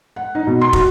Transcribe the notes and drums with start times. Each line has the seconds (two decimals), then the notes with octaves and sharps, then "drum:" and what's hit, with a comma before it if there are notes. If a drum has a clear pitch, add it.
0.16 F#5
0.35 D#4
0.47 B2
0.61 C6
0.73 F#4, drum: kick